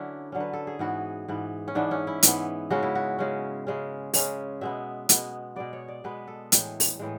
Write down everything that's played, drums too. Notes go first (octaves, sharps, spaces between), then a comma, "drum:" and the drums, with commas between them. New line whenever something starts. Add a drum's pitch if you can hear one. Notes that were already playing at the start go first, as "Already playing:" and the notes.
Already playing: D3 F#3 C#4 D4 E4
D3 F#3 C#4
B4
A4
G#4
G#2 E3 B3 F#4
G#2 E3 B3
C#4
G#2 E3 B3 D4
C#4
E4
G#2 E3 B3, drum: hi-hat
C#3 G#3 C#4 F#4
E4
F#4
C#3 G#3 C#4
C#3 G#3 C#4
C#3 G#3 C#4, drum: open hi-hat
B2 G#3 B3 E5
B2 G#3 B3, drum: hi-hat
B2 G#3 B3 D5
C#5
D5
B2 G#3 B3 B4
A4
A2 E3 G#3, drum: hi-hat
drum: open hi-hat
A2 E3 G#3